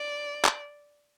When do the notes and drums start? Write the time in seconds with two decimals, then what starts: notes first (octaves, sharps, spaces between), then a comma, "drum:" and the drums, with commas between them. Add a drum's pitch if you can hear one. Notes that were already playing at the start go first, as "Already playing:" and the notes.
Already playing: D5
0.45 drum: clap